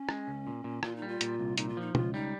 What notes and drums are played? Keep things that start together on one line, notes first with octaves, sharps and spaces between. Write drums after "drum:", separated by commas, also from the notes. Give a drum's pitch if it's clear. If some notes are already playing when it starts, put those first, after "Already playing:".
Already playing: C#4
G#3, drum: rim click
C#2
A#2
A#2
A#2 F4, drum: rim click
D#4
G3
F4
A#2, drum: hi-hat
C2
A#2 D#4, drum: hi-hat
F4
F3 D#4
C#2 F4, drum: tom
G3 D#4